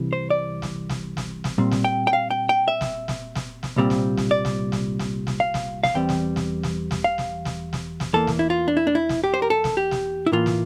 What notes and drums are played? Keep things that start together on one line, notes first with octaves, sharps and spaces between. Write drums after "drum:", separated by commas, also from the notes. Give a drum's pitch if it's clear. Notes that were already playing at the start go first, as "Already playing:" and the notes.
Already playing: C2 C3 E3
C5
D5
drum: snare
drum: snare
drum: snare
drum: snare
A#2 G3 C4
drum: snare
G5
G5
F5
G5
G5
E5
drum: snare
drum: snare
drum: snare
drum: snare
C2 A#2 G3 C4
drum: snare
drum: snare
D5
drum: snare
drum: snare
drum: snare
drum: snare
F5
drum: snare
F5, drum: snare
E2 E3 G3 C4 G5
drum: snare
drum: snare
drum: snare
drum: snare
F5
drum: snare
drum: snare
drum: snare
drum: snare
E2 E3 A#3 A4
drum: snare
E4
F4
D4
E4
D4
E4
drum: snare
G4
C5
A#4
A4
drum: snare
G4
drum: snare
E4
A2 E3 A#3 F4
drum: snare